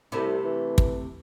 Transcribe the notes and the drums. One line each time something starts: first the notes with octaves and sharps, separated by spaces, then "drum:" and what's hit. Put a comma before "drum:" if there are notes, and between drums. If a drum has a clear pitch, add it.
C2 C3 A3 E4
E3
drum: kick